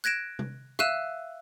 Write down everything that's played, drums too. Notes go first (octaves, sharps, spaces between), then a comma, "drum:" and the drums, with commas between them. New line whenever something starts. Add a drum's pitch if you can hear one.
F#6 G#6 A#6 D7 E7
drum: tom C3
E5 F5 E6 F#6 D#7 E7, drum: rim click